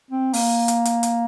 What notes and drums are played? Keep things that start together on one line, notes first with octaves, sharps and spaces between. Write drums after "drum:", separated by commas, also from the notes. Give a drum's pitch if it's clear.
C4
A#3, drum: open hi-hat
drum: hi-hat
drum: hi-hat
drum: hi-hat